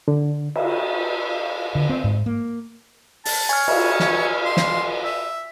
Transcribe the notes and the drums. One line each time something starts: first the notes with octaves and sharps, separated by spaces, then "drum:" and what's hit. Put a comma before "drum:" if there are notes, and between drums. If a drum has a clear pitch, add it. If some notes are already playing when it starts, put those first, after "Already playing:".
D3
drum: cymbal
D3
C4
G#2
A#3
A5, drum: open hi-hat
C#5 G#5 F6
drum: cymbal
drum: snare
C6
drum: snare
E5